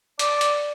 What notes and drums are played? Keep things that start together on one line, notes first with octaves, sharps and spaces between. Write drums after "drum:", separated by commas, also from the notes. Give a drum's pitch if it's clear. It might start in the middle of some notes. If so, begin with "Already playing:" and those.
D5, drum: hi-hat
drum: hi-hat